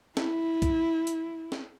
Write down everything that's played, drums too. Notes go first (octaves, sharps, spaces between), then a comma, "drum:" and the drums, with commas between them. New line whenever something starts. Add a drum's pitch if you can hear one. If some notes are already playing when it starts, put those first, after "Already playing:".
E4, drum: snare
drum: kick, hi-hat
drum: hi-hat
drum: snare